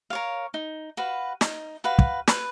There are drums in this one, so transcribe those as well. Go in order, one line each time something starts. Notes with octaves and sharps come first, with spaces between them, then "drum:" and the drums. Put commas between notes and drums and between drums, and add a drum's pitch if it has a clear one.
A#4 C#5 F5
D#4
F#4 B4 F5
D#4, drum: snare
F#4 B4 F5
drum: kick
B4, drum: snare